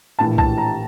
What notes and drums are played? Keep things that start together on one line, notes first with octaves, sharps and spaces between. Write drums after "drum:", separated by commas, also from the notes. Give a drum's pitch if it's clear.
A#1 A2 E3 A5
A5, drum: kick B1
A#5